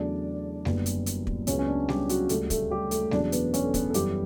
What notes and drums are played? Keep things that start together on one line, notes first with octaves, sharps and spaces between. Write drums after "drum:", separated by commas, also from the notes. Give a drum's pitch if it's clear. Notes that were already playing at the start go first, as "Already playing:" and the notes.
Already playing: E2 C#3 F#3 A3 D4 D5
F#1 F#2 D3 G3 B3, drum: snare G3
drum: hi-hat
drum: hi-hat
drum: kick
C#2 C#3 F#3 B3 C#4 C#5, drum: hi-hat
C#4
D4
G3 G4, drum: snare G3
F#3 F#4, drum: hi-hat
D2 C#3 G3 A3 A4, drum: hi-hat
A3 A4, drum: kick, hi-hat
G3 G4
A3 A4, drum: hi-hat
E1 E2 C#3 F#3 D4 D5, drum: snare G3
B3 B4, drum: hi-hat
C#4 C#5, drum: hi-hat
A4
B3 B4, drum: kick, hi-hat
A4
F#2 E3 G3 B3 G4, drum: hi-hat